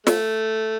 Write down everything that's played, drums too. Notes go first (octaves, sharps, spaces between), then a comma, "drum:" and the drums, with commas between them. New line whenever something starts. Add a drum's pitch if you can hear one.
A3, drum: snare